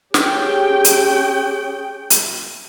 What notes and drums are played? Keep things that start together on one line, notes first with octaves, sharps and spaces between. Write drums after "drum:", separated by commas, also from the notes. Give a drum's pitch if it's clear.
C#4 G4 G#4 G5, drum: snare
drum: hi-hat
drum: hi-hat